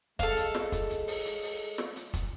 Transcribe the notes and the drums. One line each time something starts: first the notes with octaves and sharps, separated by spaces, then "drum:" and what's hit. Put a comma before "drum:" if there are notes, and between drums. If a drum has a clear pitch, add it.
G#3 A4 F5, drum: kick, hi-hat
drum: hi-hat
drum: snare
drum: kick, hi-hat
drum: hi-hat
drum: open hi-hat
drum: hi-hat
drum: open hi-hat
drum: snare
drum: hi-hat
drum: kick, hi-hat